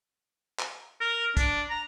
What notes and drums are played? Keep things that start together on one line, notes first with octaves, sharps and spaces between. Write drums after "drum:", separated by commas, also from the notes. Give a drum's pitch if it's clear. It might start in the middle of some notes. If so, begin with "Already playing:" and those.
drum: clap
A#4
D4, drum: kick, hi-hat
A#5